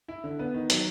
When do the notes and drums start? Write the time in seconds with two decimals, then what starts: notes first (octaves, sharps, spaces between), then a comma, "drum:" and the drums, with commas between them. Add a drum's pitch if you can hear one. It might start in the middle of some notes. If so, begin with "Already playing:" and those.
0.08 E4
0.24 D3
0.39 B3
0.54 D#3
0.70 F#3, drum: hi-hat